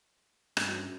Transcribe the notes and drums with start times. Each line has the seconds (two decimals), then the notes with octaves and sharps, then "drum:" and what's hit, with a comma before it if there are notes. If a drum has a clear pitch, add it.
0.57 G2, drum: rim click
0.68 F#2 F#3